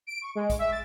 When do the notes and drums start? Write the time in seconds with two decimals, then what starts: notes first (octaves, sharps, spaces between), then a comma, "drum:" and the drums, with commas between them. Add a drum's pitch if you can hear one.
0.07 D7
0.22 C#6
0.35 G#3
0.50 drum: kick, hi-hat
0.59 E5
0.71 A6